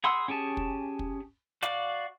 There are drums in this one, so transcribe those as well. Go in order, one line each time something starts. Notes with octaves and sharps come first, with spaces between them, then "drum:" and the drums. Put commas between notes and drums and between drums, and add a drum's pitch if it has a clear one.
G#4 F#5 B5 C6 E6
C#4 G4 G#4 A5
drum: kick
drum: kick
F#4 D5 F5 D6, drum: snare